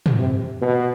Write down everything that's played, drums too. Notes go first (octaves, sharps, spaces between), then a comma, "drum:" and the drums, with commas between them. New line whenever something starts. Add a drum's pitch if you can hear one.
drum: tom
C3
B2